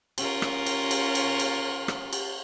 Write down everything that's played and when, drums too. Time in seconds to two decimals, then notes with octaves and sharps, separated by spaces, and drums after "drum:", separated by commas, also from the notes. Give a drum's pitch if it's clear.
0.18 C#4 F4 A#4, drum: cymbal
0.42 drum: rim click
0.66 drum: cymbal
0.91 drum: cymbal
1.15 drum: cymbal
1.39 drum: cymbal
1.88 drum: rim click
2.13 drum: cymbal